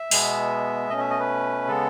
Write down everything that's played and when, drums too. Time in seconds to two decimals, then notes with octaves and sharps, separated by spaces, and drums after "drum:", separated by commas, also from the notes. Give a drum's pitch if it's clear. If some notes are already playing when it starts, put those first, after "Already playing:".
Already playing: E5
0.11 B2 G#3 B3, drum: open hi-hat
0.90 B2 A3 C#4 D#5
1.00 E5
1.10 D#5
1.20 B4
1.68 C#3 G#3 B3 A4